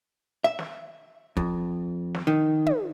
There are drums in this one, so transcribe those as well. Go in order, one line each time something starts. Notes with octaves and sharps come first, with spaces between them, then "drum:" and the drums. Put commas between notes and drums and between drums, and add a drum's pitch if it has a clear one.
E5
drum: snare
F2, drum: kick
drum: snare
D#3
drum: tom